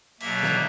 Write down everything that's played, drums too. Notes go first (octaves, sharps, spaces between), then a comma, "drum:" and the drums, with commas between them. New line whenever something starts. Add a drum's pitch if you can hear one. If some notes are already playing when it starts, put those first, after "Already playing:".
B2 F#3 A#3 E5, drum: cymbal
drum: snare